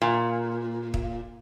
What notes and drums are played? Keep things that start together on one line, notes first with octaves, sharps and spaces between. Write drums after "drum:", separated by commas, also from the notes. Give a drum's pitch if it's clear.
A#2
drum: kick